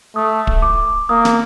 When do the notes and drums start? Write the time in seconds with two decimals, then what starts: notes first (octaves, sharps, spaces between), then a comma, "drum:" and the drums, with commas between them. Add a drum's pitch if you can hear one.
0.16 A3 D#6
0.47 drum: kick
0.62 D6
1.09 A#3 D#6
1.25 drum: snare